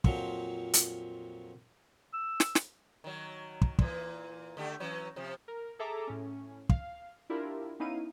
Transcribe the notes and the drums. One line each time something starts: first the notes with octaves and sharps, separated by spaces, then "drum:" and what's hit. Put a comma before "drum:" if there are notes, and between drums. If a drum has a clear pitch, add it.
F2 A#2 F3 F#3, drum: kick
drum: hi-hat
E6
drum: snare
drum: snare
D#3 F#3
drum: kick
A#2 E3, drum: kick
D3 A3 G4
E3 F#3 C#4
C3 F3
A#4
G#4 A4 E5 A#5 D6
A2 C#4
F5, drum: kick
D4 E4 F4 G4 A#4
B3 C#4 D#4 E4 F5 D#7